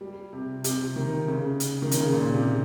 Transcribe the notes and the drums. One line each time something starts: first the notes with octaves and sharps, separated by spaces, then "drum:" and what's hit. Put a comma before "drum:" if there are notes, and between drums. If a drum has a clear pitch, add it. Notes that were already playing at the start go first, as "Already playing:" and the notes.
G3
C3
C3, drum: hi-hat
D#3
C#3
drum: hi-hat
D#3
C#3, drum: hi-hat
A#2
C3